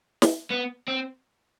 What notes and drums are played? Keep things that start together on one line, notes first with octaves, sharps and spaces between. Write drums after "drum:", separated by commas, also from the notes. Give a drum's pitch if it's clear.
drum: snare
B3
C4